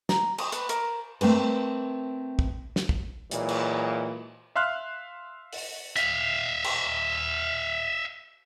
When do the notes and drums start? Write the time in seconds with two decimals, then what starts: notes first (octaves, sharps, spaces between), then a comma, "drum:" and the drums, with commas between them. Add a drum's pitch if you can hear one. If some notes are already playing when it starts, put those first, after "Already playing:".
0.09 A#5, drum: snare
0.38 D#6, drum: cymbal
0.52 B4, drum: hi-hat
0.69 A#4, drum: hi-hat
1.21 A3 C4 A#4 B4, drum: cymbal
2.39 drum: kick
2.76 drum: snare
2.89 drum: kick
3.31 A#2 E3 F#3 G#3, drum: hi-hat
3.49 drum: cymbal
4.56 E5 F5 C6 F6 F#6
5.53 drum: open hi-hat
5.97 E5 F5, drum: hi-hat
6.64 drum: cymbal